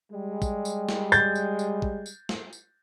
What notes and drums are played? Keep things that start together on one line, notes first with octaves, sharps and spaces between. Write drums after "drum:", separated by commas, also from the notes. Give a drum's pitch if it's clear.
G3 G#3
drum: kick, tambourine
drum: tambourine
drum: snare
G6 A6, drum: tambourine
drum: tambourine
drum: tambourine
drum: kick
drum: tambourine
drum: snare
drum: tambourine